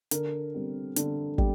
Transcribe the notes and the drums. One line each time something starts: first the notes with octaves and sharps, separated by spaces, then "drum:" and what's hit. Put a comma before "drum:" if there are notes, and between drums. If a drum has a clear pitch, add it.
D3 A#4, drum: hi-hat
G3 C4
D3, drum: hi-hat
G3, drum: kick